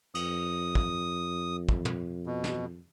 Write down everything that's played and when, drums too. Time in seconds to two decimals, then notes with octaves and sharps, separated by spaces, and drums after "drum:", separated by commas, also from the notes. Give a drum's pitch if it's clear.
0.15 F2 D#6, drum: cymbal
0.75 drum: kick
1.69 drum: kick
1.85 drum: tom
2.26 B2
2.44 drum: snare